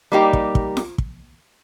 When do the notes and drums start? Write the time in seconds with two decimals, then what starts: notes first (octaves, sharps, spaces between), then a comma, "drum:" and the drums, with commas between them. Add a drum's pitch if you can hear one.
0.12 G3 A#3 D#4 G4
0.33 drum: kick
0.55 drum: kick
0.77 drum: snare F4
0.98 drum: kick